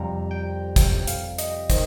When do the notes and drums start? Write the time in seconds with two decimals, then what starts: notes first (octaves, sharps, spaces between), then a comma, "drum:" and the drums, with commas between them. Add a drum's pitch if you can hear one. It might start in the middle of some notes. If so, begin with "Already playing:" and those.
Already playing: F2 C3 G3 A#5
0.31 G5
0.76 G5, drum: kick, hi-hat
1.07 F5, drum: hi-hat
1.39 D#5, drum: hi-hat
1.70 D#3 C4 D#5, drum: kick, hi-hat